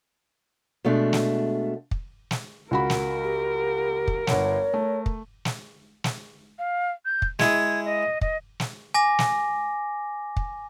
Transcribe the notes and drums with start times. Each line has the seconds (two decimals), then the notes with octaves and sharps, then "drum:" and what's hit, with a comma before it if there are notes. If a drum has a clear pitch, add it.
0.85 B2 G#3 A3 D4
1.13 drum: snare
1.91 drum: kick
2.31 drum: snare
2.71 C#2 F#4 A#4 B5
2.90 drum: snare
3.24 G4
4.08 drum: kick
4.27 G1 C#5 F#5, drum: snare
4.74 A3
5.06 drum: kick
5.45 drum: snare
6.04 drum: snare
6.59 F5
7.05 G6
7.22 drum: kick
7.39 G#3 E4 G#4 G#6, drum: snare
7.85 D#5
8.21 D#5, drum: kick
8.60 drum: snare
8.94 G#5 D6 A#6
9.19 drum: snare
10.37 drum: kick